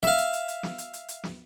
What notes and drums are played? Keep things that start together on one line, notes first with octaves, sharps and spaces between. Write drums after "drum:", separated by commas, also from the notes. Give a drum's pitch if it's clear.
E5 F5, drum: snare
drum: hi-hat
drum: hi-hat
drum: hi-hat
drum: snare
drum: hi-hat
drum: hi-hat
drum: hi-hat
drum: snare